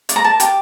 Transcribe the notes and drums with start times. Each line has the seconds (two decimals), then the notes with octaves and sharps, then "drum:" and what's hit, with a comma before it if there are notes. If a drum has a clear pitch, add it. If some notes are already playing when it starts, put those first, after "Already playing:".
0.09 D5, drum: hi-hat
0.16 A#5
0.24 A#4 A5
0.40 G4, drum: hi-hat